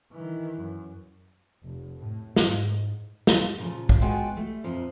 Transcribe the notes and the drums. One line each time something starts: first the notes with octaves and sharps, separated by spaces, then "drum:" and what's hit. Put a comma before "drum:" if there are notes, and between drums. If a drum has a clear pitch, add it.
D#3 E3
F#2
F1
A2
G#2, drum: snare
drum: snare
A#2 C#3 F3
drum: kick
G#3 B3 F4 F#4 G5 G#5
G3 A3
F2 A#2 F3